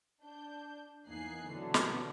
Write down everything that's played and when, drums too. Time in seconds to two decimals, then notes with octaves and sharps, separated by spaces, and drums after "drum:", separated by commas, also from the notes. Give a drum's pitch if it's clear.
0.22 D4 G6
1.06 E2 A#3 D#4 G#5 F#6 C7
1.50 B2 D3 E3 F#3 A3
1.74 drum: snare